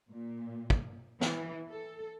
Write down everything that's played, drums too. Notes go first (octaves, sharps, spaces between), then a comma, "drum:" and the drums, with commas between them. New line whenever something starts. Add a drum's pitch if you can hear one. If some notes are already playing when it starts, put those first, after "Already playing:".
A#2
drum: kick
E3, drum: snare
A4